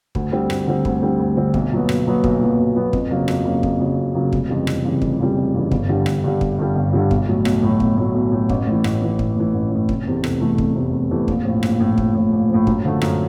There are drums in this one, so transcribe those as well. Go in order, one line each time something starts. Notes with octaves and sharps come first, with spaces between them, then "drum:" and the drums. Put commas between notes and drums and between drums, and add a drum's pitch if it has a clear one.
D2, drum: kick
D3 G3 C4
D2, drum: rim click
D3 G3 C4
D2, drum: kick
D3 G3 C4
D2
D3 G3 C4
B1, drum: kick
A#2 F#3 B3
B1, drum: rim click
A#2 F#3 B3
B1, drum: kick
A#2 F#3 B3
B1
A#2 F#3 B3
F2, drum: kick
C#3 F#3 A#3
F2, drum: rim click
C#3 F#3 A#3
F2, drum: kick
C#3 F#3 A#3
F2
C#3 F#3 A#3
F1, drum: kick
F2 C#3 E3 G3
F1, drum: rim click
F2 C#3 E3 G3
F1, drum: kick
F2 C#3 E3 G3
F1
F2 C#3 E3 G3
G1, drum: kick
G2 D3 G3
G1, drum: rim click
G2 D3 G3
G1, drum: kick
G2 D3 G3
G1
G2 D3 G3
B1, drum: kick
A2 F#3
B1, drum: rim click
A2 F#3
B1, drum: kick
A2 F#3
B1
A2 F#3
A1, drum: kick
A2 E3
A1, drum: rim click
A2 E3
A1, drum: kick
A2 E3
A1
A2 E3
F1, drum: kick
E2 C3 E3 A3
F1, drum: rim click
E2 C3 E3 A3
F1, drum: kick
E2 C3 E3 A3
F1
E2 C3 E3 A3
A#1, drum: kick
A2 F3
A#1, drum: rim click
A2 F3
A#1, drum: kick
A2 F3
A#1
A2 F3
F#2, drum: kick
D3 F3 A3
F#2, drum: rim click